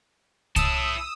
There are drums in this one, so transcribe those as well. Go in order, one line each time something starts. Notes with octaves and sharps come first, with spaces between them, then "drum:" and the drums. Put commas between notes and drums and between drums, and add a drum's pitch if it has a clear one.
E4 A5 D#6 E6, drum: kick C2, hi-hat